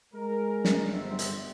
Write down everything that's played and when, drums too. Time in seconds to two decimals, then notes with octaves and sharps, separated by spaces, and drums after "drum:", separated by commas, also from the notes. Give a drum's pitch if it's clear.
0.14 G#3 A#4
0.65 drum: snare
0.92 G1 G3 C4 E5
1.19 drum: hi-hat